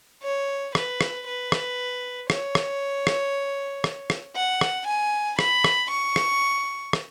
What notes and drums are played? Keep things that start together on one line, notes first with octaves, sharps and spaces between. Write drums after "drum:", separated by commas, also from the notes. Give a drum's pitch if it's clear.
C#5
B4, drum: rim click
drum: rim click
B4
drum: rim click
C#5, drum: rim click
drum: rim click
drum: rim click
drum: rim click
drum: rim click
F#5
drum: rim click
G#5
B5, drum: rim click
drum: rim click
C#6
drum: rim click
drum: rim click